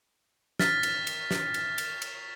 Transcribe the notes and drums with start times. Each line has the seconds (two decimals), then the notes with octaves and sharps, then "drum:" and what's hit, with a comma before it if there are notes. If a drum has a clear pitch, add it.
0.59 F6 A6 B6, drum: snare
0.83 drum: cymbal
1.07 drum: cymbal
1.31 drum: snare
1.54 drum: cymbal
1.78 drum: cymbal
2.02 drum: cymbal